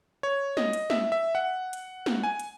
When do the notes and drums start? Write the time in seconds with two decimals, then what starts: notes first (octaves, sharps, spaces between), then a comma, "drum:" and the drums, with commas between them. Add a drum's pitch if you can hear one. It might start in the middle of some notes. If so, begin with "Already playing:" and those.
0.23 C#5
0.57 D#5, drum: snare
0.73 drum: hi-hat
0.90 E5, drum: snare
1.12 E5
1.35 F#5
1.73 drum: hi-hat
2.06 drum: snare
2.23 G#5
2.39 drum: hi-hat